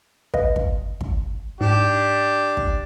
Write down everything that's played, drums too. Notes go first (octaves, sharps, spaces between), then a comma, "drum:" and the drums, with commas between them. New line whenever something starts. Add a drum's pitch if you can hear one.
B4 D#5 F5, drum: kick
drum: kick
drum: kick
G#2 D4 G4
drum: kick